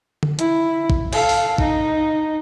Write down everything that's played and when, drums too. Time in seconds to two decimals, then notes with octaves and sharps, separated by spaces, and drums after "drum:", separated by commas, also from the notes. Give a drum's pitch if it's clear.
0.23 drum: tom D3
0.39 E4, drum: hi-hat
0.90 drum: kick
1.13 A4 F5, drum: cymbal
1.29 drum: open hi-hat
1.58 D#4, drum: kick